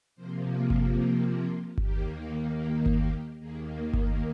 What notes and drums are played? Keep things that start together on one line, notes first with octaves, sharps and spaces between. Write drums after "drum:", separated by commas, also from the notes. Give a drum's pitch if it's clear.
C3 F3 A#3 C5
G#4
drum: kick G1
G4
F4
D#2 D#3 A#3 G4, drum: kick G1
G4
drum: kick G1
G4
D#2 D#3 A#3 G#4
drum: kick G1